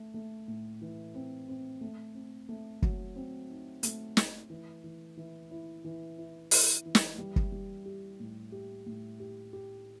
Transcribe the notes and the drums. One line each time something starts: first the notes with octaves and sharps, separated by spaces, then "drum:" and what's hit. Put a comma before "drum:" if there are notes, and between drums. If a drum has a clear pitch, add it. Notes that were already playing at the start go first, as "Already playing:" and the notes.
Already playing: A3
A3
A2
E3
C4
C4
A3
C4
A3
F#3, drum: kick
C4
D#4
A3, drum: hi-hat
A3, drum: snare
E3
E3
E3
E4
E3
E4
E4, drum: open hi-hat
E3
drum: snare
G3
drum: kick
G3
G4
A2
G4
A2
G4
G4